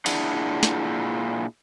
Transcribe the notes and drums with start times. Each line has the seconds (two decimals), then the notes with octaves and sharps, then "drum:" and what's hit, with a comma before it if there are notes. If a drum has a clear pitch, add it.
0.06 A#2 D4 E4 G#4 D5 F#5, drum: cymbal
0.63 drum: snare